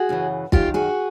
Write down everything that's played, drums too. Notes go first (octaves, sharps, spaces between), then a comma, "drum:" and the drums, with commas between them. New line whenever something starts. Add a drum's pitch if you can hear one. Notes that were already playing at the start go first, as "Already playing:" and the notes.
Already playing: F#4 G#4
F#2 C#3 E3
F#2 D#3 F4 G4, drum: kick
F#4 G#4